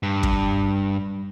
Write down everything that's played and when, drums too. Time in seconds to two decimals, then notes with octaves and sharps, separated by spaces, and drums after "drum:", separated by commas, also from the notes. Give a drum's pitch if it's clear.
0.03 G2
0.23 drum: kick